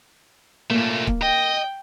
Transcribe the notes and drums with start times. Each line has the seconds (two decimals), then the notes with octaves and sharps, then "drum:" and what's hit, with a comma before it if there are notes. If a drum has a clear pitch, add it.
0.70 A#2 A3 A#3
1.07 drum: kick C#1
1.22 D#5 G5